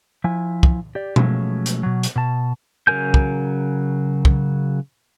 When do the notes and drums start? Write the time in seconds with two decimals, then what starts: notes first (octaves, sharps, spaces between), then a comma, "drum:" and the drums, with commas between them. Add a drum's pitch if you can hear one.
0.24 F3 E4 G#5
0.63 drum: kick
0.95 G4 D5
1.16 B2 F3 F#3 G#3 A3 C#4, drum: tom B2
1.66 drum: hi-hat
1.83 B2 F#3
2.03 drum: hi-hat
2.16 B2 A5
2.87 C#3 F#3 A#4 G#5 G6
3.14 drum: kick
4.25 drum: kick